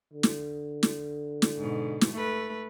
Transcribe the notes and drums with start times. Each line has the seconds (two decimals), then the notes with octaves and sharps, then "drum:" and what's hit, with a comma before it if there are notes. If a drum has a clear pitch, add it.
0.13 D3
0.23 drum: snare
0.83 drum: snare
1.42 drum: snare
1.57 G#2 B2
2.01 drum: snare
2.13 A3 B4